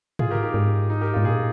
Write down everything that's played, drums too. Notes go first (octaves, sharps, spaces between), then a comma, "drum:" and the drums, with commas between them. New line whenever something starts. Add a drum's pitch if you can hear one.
F4 G#4, drum: tom G#2
G4 A#4
D#4 G4
G#2
D#4
G4 A#4
F4
G#2
A#2 F4 G#4